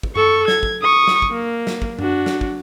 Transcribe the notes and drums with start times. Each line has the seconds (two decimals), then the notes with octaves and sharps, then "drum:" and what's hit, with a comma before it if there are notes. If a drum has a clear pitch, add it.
0.03 drum: kick
0.16 A4 C#6, drum: tom F#2
0.48 G#6, drum: snare
0.63 drum: kick
0.82 C#6 D#6
1.07 drum: snare
1.22 drum: kick
1.32 A#3
1.67 drum: snare
1.82 drum: kick
1.99 D4 F#4, drum: tom F#2
2.26 drum: snare
2.41 drum: kick